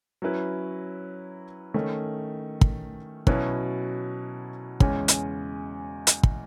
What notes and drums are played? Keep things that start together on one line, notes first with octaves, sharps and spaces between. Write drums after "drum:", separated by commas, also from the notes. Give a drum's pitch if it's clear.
F#3 C#4 E4 B4
D#3 A3 C#4
drum: kick
B2 F#3 C#4 E4 B4, drum: kick
E2 C#3 G#3 C#4, drum: kick
drum: hi-hat
drum: hi-hat
drum: kick